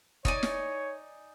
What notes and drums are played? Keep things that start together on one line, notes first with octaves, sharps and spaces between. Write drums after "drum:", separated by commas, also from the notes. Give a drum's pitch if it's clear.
D#4 C#5 D5 G#5, drum: kick
drum: snare